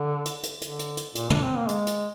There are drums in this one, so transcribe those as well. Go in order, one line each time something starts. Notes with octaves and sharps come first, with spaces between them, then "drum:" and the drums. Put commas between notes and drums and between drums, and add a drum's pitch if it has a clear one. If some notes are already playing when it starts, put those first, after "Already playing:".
Already playing: D3
drum: hi-hat
drum: hi-hat
D3, drum: hi-hat
drum: hi-hat
drum: hi-hat
A#2, drum: hi-hat
D4, drum: tom
C4
A#3
G#3, drum: hi-hat
drum: hi-hat